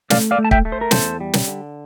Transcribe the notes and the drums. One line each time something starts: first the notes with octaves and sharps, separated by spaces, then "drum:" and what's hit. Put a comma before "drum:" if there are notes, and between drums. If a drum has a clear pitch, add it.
A3 D5 F5, drum: snare
D5 F5
A3
A5
E5 G5, drum: kick
A3
C5
A#4
E2 A4 C5, drum: snare
G3
drum: snare
D3